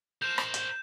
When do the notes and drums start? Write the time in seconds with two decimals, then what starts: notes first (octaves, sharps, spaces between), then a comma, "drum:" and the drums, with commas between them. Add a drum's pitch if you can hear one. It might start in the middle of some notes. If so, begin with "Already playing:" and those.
0.22 A#4 C5 G6 E7
0.38 drum: rim click
0.54 drum: hi-hat